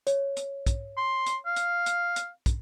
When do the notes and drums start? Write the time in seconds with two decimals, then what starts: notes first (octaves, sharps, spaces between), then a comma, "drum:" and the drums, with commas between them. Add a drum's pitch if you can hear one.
0.07 C#5, drum: hi-hat
0.37 drum: hi-hat
0.66 drum: kick, hi-hat
0.97 C6
1.26 drum: hi-hat
1.46 F5
1.56 drum: hi-hat
1.86 drum: hi-hat
2.16 drum: hi-hat
2.46 drum: kick, hi-hat